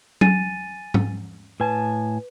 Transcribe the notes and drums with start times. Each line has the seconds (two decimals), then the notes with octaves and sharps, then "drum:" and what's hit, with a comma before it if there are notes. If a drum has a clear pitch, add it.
0.21 G#5 A6 D#7, drum: tom F#3
0.94 drum: tom G#2
1.60 A2 B4 G#5 A5